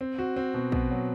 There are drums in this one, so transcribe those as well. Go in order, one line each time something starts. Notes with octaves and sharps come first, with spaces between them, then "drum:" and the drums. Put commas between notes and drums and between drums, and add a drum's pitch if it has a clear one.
C4
F#4
C4
B2
B2, drum: kick
F#3